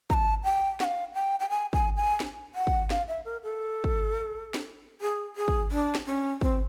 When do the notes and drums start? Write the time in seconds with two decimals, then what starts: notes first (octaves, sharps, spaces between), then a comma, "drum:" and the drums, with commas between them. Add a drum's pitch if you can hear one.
0.10 A#5, drum: kick
0.14 A5
0.44 G5
0.80 F#5, drum: snare
0.84 F5
1.14 G5
1.40 G5
1.50 G#5
1.73 G#5, drum: kick
1.97 G#5
2.20 drum: snare
2.55 F#5
2.67 drum: kick
2.90 F5, drum: snare
3.08 E5
3.25 A#4
3.43 A4
3.84 drum: kick
4.54 drum: snare
5.01 G#4
5.36 G#4
5.48 drum: kick
5.71 D4
5.95 drum: snare
6.06 C#4
6.41 C4, drum: kick